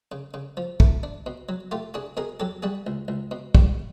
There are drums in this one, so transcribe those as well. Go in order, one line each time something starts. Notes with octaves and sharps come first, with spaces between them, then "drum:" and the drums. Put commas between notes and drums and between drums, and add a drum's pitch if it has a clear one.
C#3
C#3
F3
A3, drum: kick
D4
B2
F#3
A3 F4 G4
D4 F#4 G#4
B2 G#4 A#4
F#3 G4 A4
G3 F#4 G#4
C#2
C#2
B2
G3, drum: kick